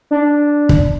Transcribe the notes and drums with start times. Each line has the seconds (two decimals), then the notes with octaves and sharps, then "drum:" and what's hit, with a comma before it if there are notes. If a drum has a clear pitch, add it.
0.11 D4
0.69 drum: kick